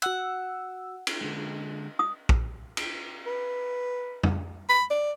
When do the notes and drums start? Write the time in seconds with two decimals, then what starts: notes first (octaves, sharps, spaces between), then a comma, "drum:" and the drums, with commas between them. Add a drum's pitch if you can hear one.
0.02 F#4 F#5 E6
1.07 drum: cymbal
1.21 D3 G#3
1.99 D#6
2.29 drum: kick A#1
2.77 drum: cymbal
3.26 B4
4.23 drum: tom F2
4.69 B5
4.90 D5